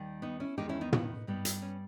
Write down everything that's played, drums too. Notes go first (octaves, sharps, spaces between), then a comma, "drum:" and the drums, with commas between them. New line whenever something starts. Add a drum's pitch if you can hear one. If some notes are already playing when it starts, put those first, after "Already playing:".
Already playing: D#2 D#3 G3
B3 D#4
C#4 E4
E2 D#3 G#3 B3 D#4 G4
C#4 E4
B3 D#4
B3 D#4, drum: tom
G2 G3 B3
drum: hi-hat
C#4